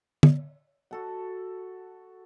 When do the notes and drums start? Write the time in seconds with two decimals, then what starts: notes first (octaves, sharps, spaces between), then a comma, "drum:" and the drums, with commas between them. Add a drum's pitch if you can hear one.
0.23 drum: tom
0.91 F#4 A4 F#5